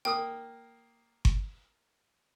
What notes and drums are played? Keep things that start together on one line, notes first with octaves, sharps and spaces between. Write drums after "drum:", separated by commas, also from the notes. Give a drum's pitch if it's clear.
A#3 G5 D#6
drum: kick G1